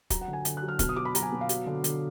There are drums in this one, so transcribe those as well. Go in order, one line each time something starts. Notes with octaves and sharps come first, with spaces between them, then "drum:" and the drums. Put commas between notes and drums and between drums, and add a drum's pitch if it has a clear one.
F#3 A#5, drum: kick, hi-hat
F#5
D3
G#5
D3 G#5, drum: hi-hat
F#6
F#3
F6
B2 F6, drum: kick, hi-hat
D#6
F#3 D6
B5
F#3 A#5, drum: hi-hat
G#5
B2
F5
F#3, drum: hi-hat
D3
D3, drum: hi-hat